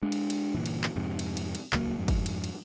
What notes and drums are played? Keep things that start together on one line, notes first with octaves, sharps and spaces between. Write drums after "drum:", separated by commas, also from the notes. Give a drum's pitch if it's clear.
G#3 D4
drum: cymbal
drum: cymbal
G1 A#2 E3
drum: cymbal
drum: clap
F2 G#2 C3
drum: cymbal
drum: cymbal
drum: cymbal
D#1 C#2 F#3 A#3, drum: clap
F2 G#2
drum: kick, cymbal
drum: cymbal
drum: cymbal